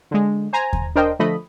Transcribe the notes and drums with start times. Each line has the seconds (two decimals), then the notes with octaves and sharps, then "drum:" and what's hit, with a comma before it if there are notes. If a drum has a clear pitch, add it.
0.11 D3 G#3
0.53 C5 G#5 A#5
0.73 drum: kick D#2
0.96 D4 A#4 C5 D#5 G5
1.19 D3 F3 A3 D#5 B5